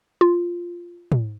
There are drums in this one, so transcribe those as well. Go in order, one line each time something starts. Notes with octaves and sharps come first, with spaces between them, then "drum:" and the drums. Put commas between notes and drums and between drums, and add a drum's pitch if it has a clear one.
F4
drum: tom